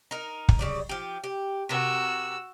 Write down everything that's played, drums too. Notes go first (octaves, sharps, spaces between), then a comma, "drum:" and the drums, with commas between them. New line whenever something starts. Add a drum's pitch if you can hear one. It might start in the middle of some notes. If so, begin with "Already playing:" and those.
D#4 A#4
drum: kick
C#3 G3 D5
F3 G4
G4
C3 F#4 A#4 E6